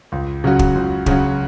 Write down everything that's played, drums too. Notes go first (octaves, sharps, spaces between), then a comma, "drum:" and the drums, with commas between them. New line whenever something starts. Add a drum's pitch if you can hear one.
C#2
C#3 F#3 C#4 F#4
drum: kick
C#2
C#3 F#3 C#4 F#4, drum: kick